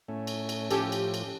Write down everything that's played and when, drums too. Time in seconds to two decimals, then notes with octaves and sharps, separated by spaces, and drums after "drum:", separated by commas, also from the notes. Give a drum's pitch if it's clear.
0.08 A2 A3 C#4
0.27 drum: cymbal
0.49 drum: cymbal
0.71 A2 F3 C#4 G4 A4, drum: cymbal
0.92 drum: cymbal
1.14 drum: cymbal